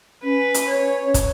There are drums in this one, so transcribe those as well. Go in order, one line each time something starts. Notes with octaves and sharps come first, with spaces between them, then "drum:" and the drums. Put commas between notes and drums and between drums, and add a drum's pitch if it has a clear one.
C#4 B4
drum: hi-hat
C#5
drum: kick, hi-hat